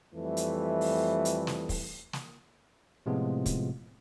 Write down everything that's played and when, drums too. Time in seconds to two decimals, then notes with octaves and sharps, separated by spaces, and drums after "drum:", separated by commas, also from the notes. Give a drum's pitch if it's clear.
0.15 F2 E3 G3 A3
0.37 drum: hi-hat
0.81 drum: open hi-hat
1.25 drum: hi-hat
1.47 drum: snare
1.69 drum: kick, open hi-hat
2.13 drum: snare
3.06 A2 C3 F3 G#3 B3 F4
3.46 drum: kick, hi-hat